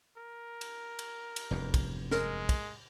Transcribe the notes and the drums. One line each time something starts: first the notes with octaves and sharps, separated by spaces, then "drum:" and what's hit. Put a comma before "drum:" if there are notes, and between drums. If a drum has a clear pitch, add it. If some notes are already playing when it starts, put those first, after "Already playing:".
A#4
drum: cymbal
drum: cymbal
drum: cymbal
F1 E2 G2
drum: kick, cymbal
G#3 A#4, drum: snare
drum: kick, cymbal